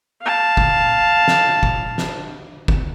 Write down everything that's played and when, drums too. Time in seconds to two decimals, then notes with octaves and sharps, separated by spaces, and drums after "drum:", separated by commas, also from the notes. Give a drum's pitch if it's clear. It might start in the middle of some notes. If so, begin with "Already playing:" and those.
0.22 F5 A5
0.57 drum: kick F1
1.28 drum: snare
1.63 drum: kick F1
1.98 drum: snare
2.68 drum: kick F1